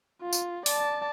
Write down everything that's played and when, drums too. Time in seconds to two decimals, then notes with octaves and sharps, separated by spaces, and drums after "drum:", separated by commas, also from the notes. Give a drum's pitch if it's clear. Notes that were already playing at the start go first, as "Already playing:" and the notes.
0.22 F4
0.33 drum: tambourine
0.66 D5 A5, drum: open hi-hat